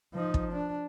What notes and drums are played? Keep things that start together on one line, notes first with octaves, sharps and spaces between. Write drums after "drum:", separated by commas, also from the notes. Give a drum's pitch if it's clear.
F3 D#4
drum: kick
D4